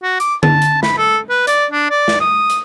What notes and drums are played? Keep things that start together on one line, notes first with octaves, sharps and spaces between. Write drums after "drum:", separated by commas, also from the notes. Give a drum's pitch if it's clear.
F#4
D6, drum: hi-hat
A5, drum: tom D3
drum: hi-hat
B5, drum: snare
A4
B4
D5, drum: hi-hat
D4
D5
drum: snare
D#6
drum: hi-hat